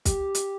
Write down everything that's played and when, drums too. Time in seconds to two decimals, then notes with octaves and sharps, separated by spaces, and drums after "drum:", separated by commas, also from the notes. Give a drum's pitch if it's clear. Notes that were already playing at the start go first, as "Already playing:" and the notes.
0.05 G4, drum: kick, hi-hat
0.35 drum: hi-hat